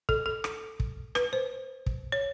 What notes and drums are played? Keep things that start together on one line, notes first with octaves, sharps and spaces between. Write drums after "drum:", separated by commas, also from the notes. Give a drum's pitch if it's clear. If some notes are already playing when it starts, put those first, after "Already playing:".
A4, drum: kick
A4
drum: rim click
drum: kick
B4, drum: rim click
C5
drum: kick
C#5